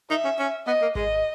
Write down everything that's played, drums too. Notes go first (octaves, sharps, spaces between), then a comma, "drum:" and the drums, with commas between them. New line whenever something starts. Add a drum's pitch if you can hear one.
D#4 E5
C#4
C#4
B3 D#5
A#3
G#3 D#5, drum: kick G#1